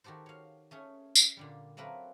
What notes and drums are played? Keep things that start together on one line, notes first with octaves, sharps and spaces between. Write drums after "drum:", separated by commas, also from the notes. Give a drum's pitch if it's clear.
D#3 F#4 G4 A4 C5
C#5 F5
A3 C#4 G#4
drum: tambourine
A#2 D3 G3
F#3 A3 A#3 C4 A#4 B4